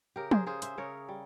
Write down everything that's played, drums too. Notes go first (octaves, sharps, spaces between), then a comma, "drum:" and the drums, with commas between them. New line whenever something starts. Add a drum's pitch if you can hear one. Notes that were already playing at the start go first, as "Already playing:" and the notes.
C#3 G4 A#4
G#4 C5, drum: tom
C#3 G#4 C5
C5 E5, drum: hi-hat
C#3 A#4 C#5
G3